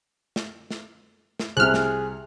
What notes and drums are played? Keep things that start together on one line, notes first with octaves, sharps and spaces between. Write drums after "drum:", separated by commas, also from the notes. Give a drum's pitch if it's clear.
drum: snare
drum: snare
drum: snare
C2 C3 G#4 F6 F#6
drum: snare